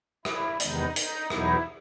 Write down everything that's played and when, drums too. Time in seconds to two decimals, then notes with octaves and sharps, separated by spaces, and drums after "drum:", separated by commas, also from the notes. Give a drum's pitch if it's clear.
0.25 E4, drum: rim click
0.60 E2 C3 D#3 G#3 B3 D#4, drum: hi-hat
0.96 D#4, drum: hi-hat
1.30 E2 B2 F#3 B3 D#4 E4, drum: rim click